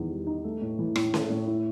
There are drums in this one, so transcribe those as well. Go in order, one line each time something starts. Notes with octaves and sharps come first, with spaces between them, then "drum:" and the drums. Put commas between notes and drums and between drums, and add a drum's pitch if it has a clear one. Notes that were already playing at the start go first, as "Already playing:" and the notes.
Already playing: E2 D#3
G3
D#4
A3
A2
E3
A2, drum: rim click
A3, drum: snare C#4
A2
E4